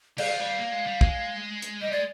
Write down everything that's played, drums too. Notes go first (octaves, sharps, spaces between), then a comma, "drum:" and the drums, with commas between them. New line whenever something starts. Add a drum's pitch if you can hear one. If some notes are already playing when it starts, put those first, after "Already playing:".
G3 F5, drum: cymbal
F3
G3
A#3
G#3
G3
G#3, drum: kick
drum: hi-hat
G3 D#5
G#3 D5